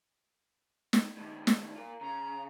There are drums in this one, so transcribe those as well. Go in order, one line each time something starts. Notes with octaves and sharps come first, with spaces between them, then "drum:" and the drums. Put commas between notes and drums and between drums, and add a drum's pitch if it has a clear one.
drum: snare
G2 D#3
drum: snare
F4 A#4
C#3 A#5